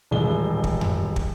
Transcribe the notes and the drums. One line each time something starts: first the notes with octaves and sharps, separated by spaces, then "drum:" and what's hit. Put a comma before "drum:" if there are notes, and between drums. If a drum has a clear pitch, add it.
D#1 A1 G#3 G7
drum: kick
drum: tom F2
drum: kick